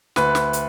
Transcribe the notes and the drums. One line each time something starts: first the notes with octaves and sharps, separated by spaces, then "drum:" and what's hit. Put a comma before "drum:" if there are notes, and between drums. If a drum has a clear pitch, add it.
D2 B4, drum: snare
drum: snare
drum: hi-hat